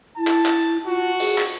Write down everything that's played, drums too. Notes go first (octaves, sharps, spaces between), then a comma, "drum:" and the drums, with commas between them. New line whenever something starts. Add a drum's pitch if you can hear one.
E4 A5
drum: clap
drum: clap
F4 F#4
G#4, drum: open hi-hat
drum: clap